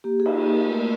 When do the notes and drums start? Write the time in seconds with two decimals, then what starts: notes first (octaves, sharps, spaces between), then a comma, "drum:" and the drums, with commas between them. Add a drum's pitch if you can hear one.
0.04 A#3 G4
0.20 G#4
0.26 D#4, drum: cymbal
0.47 A#3
0.52 A#4
0.67 A3